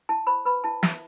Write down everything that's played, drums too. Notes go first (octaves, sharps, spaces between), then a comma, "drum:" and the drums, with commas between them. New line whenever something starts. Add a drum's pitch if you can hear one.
E4 A5
C5 B5
B4 B5
E4 A5
E4 E5, drum: snare